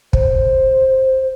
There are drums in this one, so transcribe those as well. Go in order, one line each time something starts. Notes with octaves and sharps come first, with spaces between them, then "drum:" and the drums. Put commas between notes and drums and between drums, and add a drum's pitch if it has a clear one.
C5, drum: kick